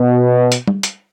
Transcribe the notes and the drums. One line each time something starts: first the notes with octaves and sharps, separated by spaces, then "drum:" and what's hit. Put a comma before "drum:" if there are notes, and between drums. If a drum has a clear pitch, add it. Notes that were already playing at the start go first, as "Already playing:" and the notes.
Already playing: B2
drum: hi-hat
drum: tom G3
drum: hi-hat